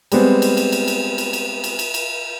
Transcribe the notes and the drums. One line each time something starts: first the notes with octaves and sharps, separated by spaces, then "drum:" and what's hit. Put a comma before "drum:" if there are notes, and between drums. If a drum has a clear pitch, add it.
G3 G#3 B3 C4, drum: cymbal
drum: cymbal
drum: cymbal
drum: cymbal
drum: cymbal
drum: cymbal
drum: cymbal
drum: cymbal
drum: cymbal
drum: cymbal